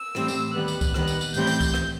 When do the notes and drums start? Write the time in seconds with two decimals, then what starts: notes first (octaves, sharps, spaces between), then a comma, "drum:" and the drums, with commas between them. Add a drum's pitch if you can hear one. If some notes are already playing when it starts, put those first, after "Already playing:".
Already playing: E6
0.15 A2 E3 G3 C4, drum: rim click
0.28 drum: tambourine
0.55 D#2 D#3 G3 B3 F#6
0.68 drum: tambourine
0.81 drum: kick C2, tambourine
0.94 D#2 D#3 G3 B3, drum: rim click
1.08 drum: tambourine
1.21 drum: tambourine
1.34 A2 E3 G3 C4 G6, drum: tambourine
1.47 drum: tambourine
1.60 drum: kick C2, tambourine
1.74 drum: rim click